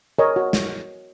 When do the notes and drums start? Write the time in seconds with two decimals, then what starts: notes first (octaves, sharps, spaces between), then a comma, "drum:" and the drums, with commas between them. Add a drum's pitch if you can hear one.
0.19 A#4 C#5 D#5
0.36 F#4
0.53 drum: snare